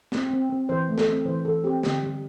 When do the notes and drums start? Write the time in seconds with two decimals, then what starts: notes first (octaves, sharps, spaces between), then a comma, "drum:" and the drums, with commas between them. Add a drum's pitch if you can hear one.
0.12 C4, drum: snare
0.30 C4
0.50 C4
0.69 E3 C5
0.89 A3
0.98 A4, drum: snare
1.07 C4
1.26 E3 C5
1.45 E3 A4
1.64 C4 G4
1.83 D3 G4, drum: snare
2.03 G3